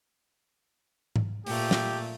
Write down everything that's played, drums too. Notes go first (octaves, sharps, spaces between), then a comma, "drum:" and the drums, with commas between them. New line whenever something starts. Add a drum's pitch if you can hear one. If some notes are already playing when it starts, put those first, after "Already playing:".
drum: tom G#2
A#2 A3 G4, drum: open hi-hat
drum: snare